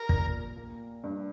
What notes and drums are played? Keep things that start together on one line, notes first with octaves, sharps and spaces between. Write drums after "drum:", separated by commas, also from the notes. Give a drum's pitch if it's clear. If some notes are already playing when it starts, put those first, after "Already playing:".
Already playing: G4 A#4
A#2, drum: kick
A#3
G2